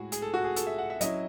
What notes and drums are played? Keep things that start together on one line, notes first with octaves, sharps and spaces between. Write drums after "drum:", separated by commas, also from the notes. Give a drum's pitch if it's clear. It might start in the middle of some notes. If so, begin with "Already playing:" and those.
Already playing: A2 G#3 F#4 G#4
G#4, drum: hi-hat
A4
F#4
G#4
A4, drum: hi-hat
E5
F#5
E5
F#3 C#4 E4 D#5, drum: hi-hat